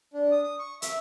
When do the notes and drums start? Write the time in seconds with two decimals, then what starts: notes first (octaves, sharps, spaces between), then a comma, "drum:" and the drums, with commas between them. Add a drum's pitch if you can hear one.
0.14 D4
0.32 D#6
0.44 D#6
0.59 C#6
0.82 E5, drum: hi-hat